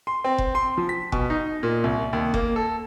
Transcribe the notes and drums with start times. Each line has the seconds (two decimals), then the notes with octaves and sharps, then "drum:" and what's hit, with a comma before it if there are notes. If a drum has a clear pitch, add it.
0.07 C6
0.24 C4
0.38 drum: kick F1
0.55 C6
0.78 F3
0.89 B6
1.12 B2, drum: kick F1
1.30 D#4
1.63 A#2
1.84 C2
2.13 D#2
2.34 A#3, drum: kick F1
2.56 A4